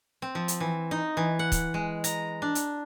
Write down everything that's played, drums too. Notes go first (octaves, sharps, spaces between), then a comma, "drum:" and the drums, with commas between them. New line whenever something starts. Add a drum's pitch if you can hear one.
C4
F3
drum: hi-hat
E3
D#4
E3
F#5
drum: kick C#1, hi-hat
G#3
A#5, drum: hi-hat
D4
drum: hi-hat